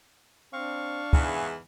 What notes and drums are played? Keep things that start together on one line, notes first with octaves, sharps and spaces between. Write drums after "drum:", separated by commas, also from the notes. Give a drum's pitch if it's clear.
C4 D4 F5 C#6
E2 G#2 E3 G#4, drum: kick